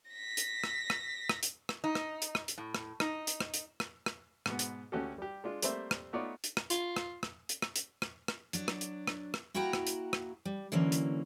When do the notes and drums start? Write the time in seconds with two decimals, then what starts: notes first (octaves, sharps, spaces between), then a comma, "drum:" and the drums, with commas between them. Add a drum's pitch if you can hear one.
0.10 A#6 B6
0.37 drum: hi-hat
0.64 drum: rim click
0.90 drum: rim click
1.29 drum: rim click
1.43 drum: hi-hat
1.69 drum: rim click
1.84 D#4
1.95 drum: rim click
2.22 drum: hi-hat
2.35 drum: rim click
2.48 drum: hi-hat
2.58 A2
2.75 drum: rim click
3.00 D#4, drum: rim click
3.27 drum: hi-hat
3.40 drum: rim click
3.54 drum: hi-hat
3.80 drum: rim click
4.06 drum: rim click
4.46 G#2 B2 B3, drum: rim click
4.59 drum: hi-hat
4.92 D2 C#4 F#4 G4 A4
5.18 G3 G4
5.44 G#3 D4 F4
5.62 G3 A3 A#3 C4 C5 E5, drum: hi-hat
5.91 drum: rim click
6.13 A3 B3 D#4 F4 C#5 D5
6.44 drum: hi-hat
6.57 drum: rim click
6.70 F4, drum: hi-hat
6.96 drum: rim click
7.23 drum: rim click
7.49 drum: hi-hat
7.62 drum: rim click
7.76 drum: hi-hat
8.02 drum: rim click
8.28 drum: rim click
8.53 F#3 D4, drum: hi-hat
8.68 drum: rim click
8.81 drum: hi-hat
9.07 drum: rim click
9.34 drum: rim click
9.54 A#3 E4 F#4 F#5 G5 A#5
9.73 drum: rim click
9.87 drum: hi-hat
10.13 drum: rim click
10.45 G3
10.72 D3 E3 F#3 A#3 C#4
10.92 drum: hi-hat